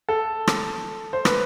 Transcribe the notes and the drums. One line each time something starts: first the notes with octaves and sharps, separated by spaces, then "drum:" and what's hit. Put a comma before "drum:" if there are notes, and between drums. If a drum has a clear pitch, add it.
A4
drum: rim click
C5
B4, drum: rim click